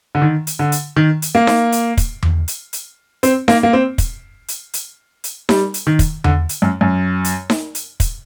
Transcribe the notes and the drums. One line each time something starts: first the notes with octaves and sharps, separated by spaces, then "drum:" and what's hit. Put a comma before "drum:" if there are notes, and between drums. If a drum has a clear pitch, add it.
D3
D#3
drum: hi-hat
D3
drum: hi-hat
D#3
drum: hi-hat
A#3
drum: snare D#4
drum: hi-hat
drum: kick, hi-hat
drum: tom E2
drum: hi-hat
drum: hi-hat
C4, drum: hi-hat
A#3, drum: snare D#4
A#3
C4
drum: kick, hi-hat
drum: hi-hat
drum: hi-hat
drum: hi-hat
G3, drum: snare D#4
drum: hi-hat
D#3
drum: kick, hi-hat
D3, drum: tom E2
drum: hi-hat
F#2
F#2
drum: hi-hat
drum: snare D#4
drum: hi-hat
drum: kick, hi-hat